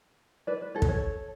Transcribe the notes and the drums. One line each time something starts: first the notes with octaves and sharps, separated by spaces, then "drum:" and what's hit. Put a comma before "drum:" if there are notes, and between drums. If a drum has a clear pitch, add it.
B4 D5
B4
A4 C#5
B4, drum: kick
A4 C#5